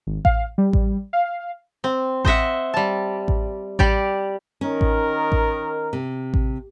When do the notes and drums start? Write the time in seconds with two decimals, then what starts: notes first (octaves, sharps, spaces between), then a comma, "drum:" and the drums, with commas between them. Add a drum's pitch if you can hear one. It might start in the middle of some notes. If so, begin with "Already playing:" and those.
0.07 G#1
0.25 F5, drum: kick A1
0.58 G3
0.73 drum: kick A1
1.13 F5
1.84 C4
2.25 C5 D#5 E5 F#5, drum: kick A1
2.74 G3 A5
3.28 drum: kick A1
3.79 G3 G4 D5, drum: kick A1
4.61 D#3 C#4 A#4
4.81 drum: kick A1
5.32 drum: kick A1
5.93 C3
6.34 drum: kick A1